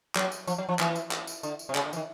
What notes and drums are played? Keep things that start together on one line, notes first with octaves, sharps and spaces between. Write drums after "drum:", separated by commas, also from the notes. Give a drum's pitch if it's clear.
F#3, drum: clap
drum: tambourine
F3, drum: tambourine
F#3
F3
E3, drum: clap
drum: tambourine
drum: clap
drum: tambourine
D3, drum: tambourine
drum: tambourine
C3
C#3, drum: clap
D3
E3, drum: tambourine
D#3